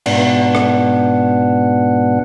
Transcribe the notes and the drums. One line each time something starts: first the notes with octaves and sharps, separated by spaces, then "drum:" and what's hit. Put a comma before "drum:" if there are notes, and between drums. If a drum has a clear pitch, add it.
G#2 B2 B3 D4 F#5, drum: cymbal
drum: rim click